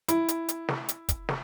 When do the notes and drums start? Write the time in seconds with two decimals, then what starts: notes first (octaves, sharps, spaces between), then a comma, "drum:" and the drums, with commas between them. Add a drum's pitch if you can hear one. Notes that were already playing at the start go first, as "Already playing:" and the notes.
0.08 E4, drum: hi-hat
0.28 drum: hi-hat
0.48 drum: hi-hat
0.69 drum: snare
0.89 drum: hi-hat
1.09 drum: kick, hi-hat
1.29 drum: snare